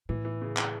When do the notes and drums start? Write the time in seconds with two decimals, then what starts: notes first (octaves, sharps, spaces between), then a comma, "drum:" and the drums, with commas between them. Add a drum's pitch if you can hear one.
0.09 A2 E3
0.25 E3
0.41 C#3
0.57 C#3, drum: clap